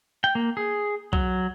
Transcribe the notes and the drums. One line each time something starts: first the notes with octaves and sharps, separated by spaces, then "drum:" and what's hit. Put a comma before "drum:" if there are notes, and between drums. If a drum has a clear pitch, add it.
G5
A#3
G#4
F#3, drum: kick B1